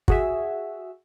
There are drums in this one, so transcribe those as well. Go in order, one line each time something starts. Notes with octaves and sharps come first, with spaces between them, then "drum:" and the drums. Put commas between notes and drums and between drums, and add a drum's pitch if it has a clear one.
F#4 G#4 E5, drum: kick